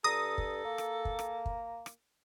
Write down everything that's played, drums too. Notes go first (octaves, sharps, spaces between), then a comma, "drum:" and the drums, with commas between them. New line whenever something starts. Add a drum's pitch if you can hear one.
G2 A4 A#5 D#6 A#6
drum: kick
A#3
drum: rim click
drum: kick
drum: rim click
drum: kick
drum: rim click